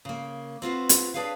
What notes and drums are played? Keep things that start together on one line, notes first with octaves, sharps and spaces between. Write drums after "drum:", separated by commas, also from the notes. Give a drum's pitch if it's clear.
C#3 A#3
C4 F4 F#4 B4
drum: hi-hat
D4 G#4 B4 C#5 F5